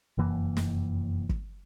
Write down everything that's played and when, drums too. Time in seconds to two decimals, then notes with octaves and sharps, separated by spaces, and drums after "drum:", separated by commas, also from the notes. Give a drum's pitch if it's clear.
0.18 F1 F#2 E3 A#3
0.57 drum: snare
1.29 drum: kick